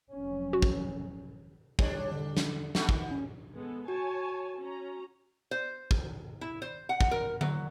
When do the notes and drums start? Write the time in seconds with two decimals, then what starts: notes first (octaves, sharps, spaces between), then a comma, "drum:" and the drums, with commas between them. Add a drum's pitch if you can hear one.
0.12 F1 F#3 C#4
0.53 F#4
0.62 drum: kick
1.79 G3 D4 C#5, drum: kick
2.12 D3
2.37 drum: snare
2.75 A#2 A3 F#5, drum: snare
2.89 D#3, drum: kick
3.11 C#4
3.54 G#3 B3 A4
3.88 F#4 C#5 G#5 A5
4.59 C#4 A#5
5.51 C5
5.91 drum: kick
6.41 E4
6.62 C5
6.89 F#5
7.01 drum: kick
7.11 A#4
7.41 F#3, drum: tom D3